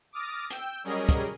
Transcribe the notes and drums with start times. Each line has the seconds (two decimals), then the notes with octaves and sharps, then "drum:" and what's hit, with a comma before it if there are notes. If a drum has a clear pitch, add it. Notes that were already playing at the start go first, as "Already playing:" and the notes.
0.13 D6 D#6 F6 A6 A#6
0.50 G5 E6 G6, drum: hi-hat
0.84 F#3 G3 C#4 G#4 A#4 D#5
1.09 drum: kick, hi-hat